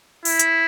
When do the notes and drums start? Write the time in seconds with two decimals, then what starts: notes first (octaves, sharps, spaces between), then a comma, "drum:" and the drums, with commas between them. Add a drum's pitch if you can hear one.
0.25 E4, drum: open hi-hat
0.39 drum: hi-hat